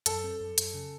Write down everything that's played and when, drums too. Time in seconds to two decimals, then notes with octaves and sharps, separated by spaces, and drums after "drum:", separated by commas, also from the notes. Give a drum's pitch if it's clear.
0.06 F#2 A4, drum: hi-hat
0.24 C4
0.40 F#2
0.58 F#2, drum: hi-hat
0.74 C#3